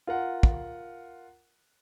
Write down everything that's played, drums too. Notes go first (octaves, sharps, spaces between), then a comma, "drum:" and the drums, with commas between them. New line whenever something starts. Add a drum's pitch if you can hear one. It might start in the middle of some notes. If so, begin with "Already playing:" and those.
F4 A#4 F#5
drum: kick